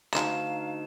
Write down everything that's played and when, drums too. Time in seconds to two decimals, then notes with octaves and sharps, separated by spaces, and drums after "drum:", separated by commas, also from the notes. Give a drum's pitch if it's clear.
0.14 D2 D#4 F5 E7, drum: clap